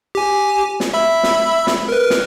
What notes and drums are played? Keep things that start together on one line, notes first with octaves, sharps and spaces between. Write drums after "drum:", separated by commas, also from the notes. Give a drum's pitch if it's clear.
G4 G#5
drum: snare
E5 B5 E6
drum: snare
drum: snare
A#4 B4
drum: snare